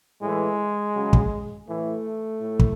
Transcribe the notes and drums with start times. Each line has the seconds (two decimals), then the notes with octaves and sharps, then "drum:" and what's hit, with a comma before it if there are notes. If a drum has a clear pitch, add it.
0.21 A2 E3 G#3
0.94 C#3 F#3
1.13 drum: kick
1.67 A2 E3 A3
2.41 A2
2.59 drum: kick